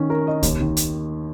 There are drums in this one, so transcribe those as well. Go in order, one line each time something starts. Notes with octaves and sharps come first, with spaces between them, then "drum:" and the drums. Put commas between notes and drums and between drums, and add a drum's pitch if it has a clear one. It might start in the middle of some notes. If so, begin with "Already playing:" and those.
Already playing: D#3 C#4
A#4
D#5
D#2, drum: kick C2, hi-hat
D#3
drum: hi-hat